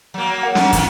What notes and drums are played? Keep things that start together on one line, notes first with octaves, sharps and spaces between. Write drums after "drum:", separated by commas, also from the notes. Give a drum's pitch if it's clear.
F#3 A#3
G#4 A#4 F#5
F#3 C#4 D4, drum: snare
D#3 B3 F4, drum: kick, hi-hat